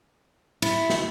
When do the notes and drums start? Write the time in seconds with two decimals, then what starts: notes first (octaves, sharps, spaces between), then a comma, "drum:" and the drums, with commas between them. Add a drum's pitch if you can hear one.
0.62 E4, drum: cymbal
0.90 drum: snare